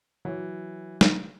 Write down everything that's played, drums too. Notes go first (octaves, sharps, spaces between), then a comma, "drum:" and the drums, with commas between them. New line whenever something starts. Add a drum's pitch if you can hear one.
E3 F#3
drum: snare